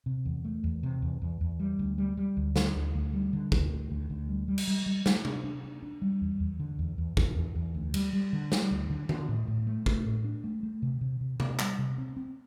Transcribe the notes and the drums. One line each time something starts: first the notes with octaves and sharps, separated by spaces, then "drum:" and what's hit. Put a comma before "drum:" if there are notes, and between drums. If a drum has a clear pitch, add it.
C3
E2
A3
E2
C3
E2
E2
E2
G3
D2
G3
G3
D2
D3, drum: snare
D2
D2
G3
D3
D2, drum: kick
D2
D2
D2
G3
G3
drum: cymbal
G3
G3
G3, drum: snare
D4, drum: tom C3
D4
D4
D4
G3
E2
E2
D3
E2
E2
E2, drum: kick
E2
E2
D2
G3, drum: cymbal
G3
D3
G3, drum: snare
D2
D3
D3, drum: tom D3
A2
A2
A3
A3, drum: kick
A2
D4
A3
A3
C3
C3
C3
C3, drum: tom C3
G3, drum: clap
C3
C4
C4